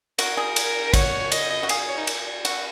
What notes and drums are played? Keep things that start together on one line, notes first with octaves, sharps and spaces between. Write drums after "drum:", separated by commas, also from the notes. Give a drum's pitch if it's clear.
F#4 A#4, drum: cymbal
G#4
drum: cymbal
F#4 C#5, drum: kick, cymbal
D#5, drum: cymbal
D#5
F#4
G#4 F5, drum: cymbal
C#5
D#4
drum: cymbal
F#4, drum: cymbal